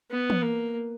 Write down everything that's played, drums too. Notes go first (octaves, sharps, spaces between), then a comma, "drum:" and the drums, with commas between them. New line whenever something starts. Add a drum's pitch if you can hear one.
B3
drum: tom E3
A#3